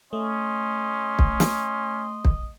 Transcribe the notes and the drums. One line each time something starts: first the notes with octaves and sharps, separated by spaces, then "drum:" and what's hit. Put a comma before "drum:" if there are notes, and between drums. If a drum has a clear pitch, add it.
A3 C#4 D#5 C6
drum: kick
drum: snare
drum: kick